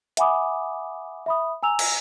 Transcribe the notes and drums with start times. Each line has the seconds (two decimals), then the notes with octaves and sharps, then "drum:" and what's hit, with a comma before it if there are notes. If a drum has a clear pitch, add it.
0.17 E5 F#5 G#5 B5 D6 D#6, drum: hi-hat
1.26 E5 B5 D#6
1.63 G#5 A#5 E6 F7
1.79 drum: cymbal